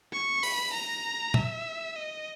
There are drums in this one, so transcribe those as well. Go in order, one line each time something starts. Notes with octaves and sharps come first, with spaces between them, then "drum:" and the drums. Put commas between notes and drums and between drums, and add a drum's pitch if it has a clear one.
C#6
B5, drum: open hi-hat
A#5
E5, drum: tom
D#5